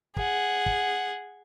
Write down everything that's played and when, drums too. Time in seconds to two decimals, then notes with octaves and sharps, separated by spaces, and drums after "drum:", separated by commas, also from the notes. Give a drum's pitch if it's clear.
0.17 G#4 F#5, drum: kick
0.66 drum: kick